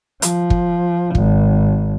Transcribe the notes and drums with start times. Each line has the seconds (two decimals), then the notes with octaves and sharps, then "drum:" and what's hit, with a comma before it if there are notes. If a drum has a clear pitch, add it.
0.22 F3, drum: hi-hat
0.50 drum: kick
1.15 G#1, drum: kick